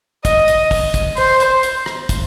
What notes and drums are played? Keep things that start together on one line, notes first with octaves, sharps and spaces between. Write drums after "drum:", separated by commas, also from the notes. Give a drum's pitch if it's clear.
D#5, drum: kick, hi-hat
drum: hi-hat
drum: kick, open hi-hat
drum: kick, hi-hat
C5, drum: open hi-hat
drum: hi-hat
drum: hi-hat
drum: rim click
drum: kick, hi-hat